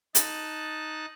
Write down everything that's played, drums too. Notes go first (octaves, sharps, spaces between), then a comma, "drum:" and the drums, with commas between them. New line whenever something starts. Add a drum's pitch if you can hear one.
D#4 A5 F#6, drum: hi-hat